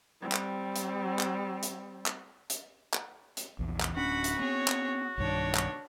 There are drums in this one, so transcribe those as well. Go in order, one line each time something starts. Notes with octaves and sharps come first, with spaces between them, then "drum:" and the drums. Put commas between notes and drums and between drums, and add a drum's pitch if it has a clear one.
G3 C4
drum: clap
drum: hi-hat
drum: clap
drum: hi-hat
drum: clap
drum: hi-hat
drum: clap
drum: hi-hat
A#1 E2
drum: clap
D1 C#4 D4 F#4 F#5 B5
drum: hi-hat
B3 C4 G#4 C#5
drum: clap
B1 G2 D#3 D4 C#5
drum: clap